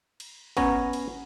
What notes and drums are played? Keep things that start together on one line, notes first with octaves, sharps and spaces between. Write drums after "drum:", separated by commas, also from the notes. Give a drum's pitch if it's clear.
drum: cymbal
B3 C#4 C#5 A#5, drum: kick G#1, cymbal
drum: cymbal